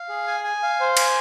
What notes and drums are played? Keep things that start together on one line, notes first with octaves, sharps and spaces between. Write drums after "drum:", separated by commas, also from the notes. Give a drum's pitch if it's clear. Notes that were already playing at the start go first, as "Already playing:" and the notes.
Already playing: F5
G#4
G#5
G#5
F5
C5
G#5, drum: cymbal